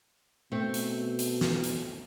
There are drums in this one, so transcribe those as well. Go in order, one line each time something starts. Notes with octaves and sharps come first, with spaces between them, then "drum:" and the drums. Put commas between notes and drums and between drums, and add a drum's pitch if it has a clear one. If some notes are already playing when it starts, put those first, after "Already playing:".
B2 A3 C4
drum: hi-hat
drum: hi-hat
drum: snare
drum: hi-hat